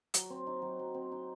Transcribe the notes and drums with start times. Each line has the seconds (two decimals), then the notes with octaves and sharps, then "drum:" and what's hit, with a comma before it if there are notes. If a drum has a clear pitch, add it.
0.14 F#3, drum: hi-hat
0.30 C4
0.47 D#4
0.62 F#3
0.79 F#3
0.94 C4
1.12 D#4